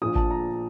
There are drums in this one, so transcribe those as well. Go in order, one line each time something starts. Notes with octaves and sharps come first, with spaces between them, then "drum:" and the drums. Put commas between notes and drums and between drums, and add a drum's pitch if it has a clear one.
A#1 A#2 F3 D#6
A5, drum: kick G#1
A#5